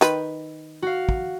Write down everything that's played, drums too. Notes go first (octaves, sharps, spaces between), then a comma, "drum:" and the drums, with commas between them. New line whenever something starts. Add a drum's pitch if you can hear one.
D#3 B4, drum: hi-hat
F#4 F5
drum: kick